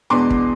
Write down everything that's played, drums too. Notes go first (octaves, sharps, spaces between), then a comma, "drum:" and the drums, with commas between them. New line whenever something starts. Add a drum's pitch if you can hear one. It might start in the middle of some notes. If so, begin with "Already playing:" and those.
E2 B2 G#3 B3 D4 C6 D6
drum: kick